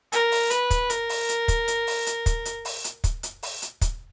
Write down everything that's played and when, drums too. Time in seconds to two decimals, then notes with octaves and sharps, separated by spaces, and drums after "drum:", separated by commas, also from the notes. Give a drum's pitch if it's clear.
0.12 A#4, drum: hi-hat
0.32 drum: open hi-hat
0.50 B4, drum: hi-hat
0.71 drum: kick, hi-hat
0.90 A#4, drum: hi-hat
1.09 drum: open hi-hat
1.29 drum: hi-hat
1.48 drum: kick, hi-hat
1.68 drum: hi-hat
1.87 drum: open hi-hat
2.07 drum: hi-hat
2.26 drum: kick, hi-hat
2.45 drum: hi-hat
2.65 drum: open hi-hat
2.84 drum: hi-hat
3.04 drum: kick, hi-hat
3.23 drum: hi-hat
3.43 drum: open hi-hat
3.62 drum: hi-hat
3.81 drum: kick, hi-hat